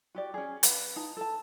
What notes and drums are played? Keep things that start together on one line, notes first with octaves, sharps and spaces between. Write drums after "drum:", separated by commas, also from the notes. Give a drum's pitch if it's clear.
F#4 G4 D5
C#4 G#4
B4 F5, drum: hi-hat
D#4 A5
A4 A5